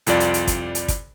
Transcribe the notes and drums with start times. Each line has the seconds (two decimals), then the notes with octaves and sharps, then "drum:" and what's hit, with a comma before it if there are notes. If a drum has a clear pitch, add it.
0.07 C2 F2 F4 D5, drum: hi-hat
0.20 drum: hi-hat
0.34 drum: hi-hat
0.47 drum: kick, hi-hat
0.75 drum: hi-hat
0.88 drum: kick, hi-hat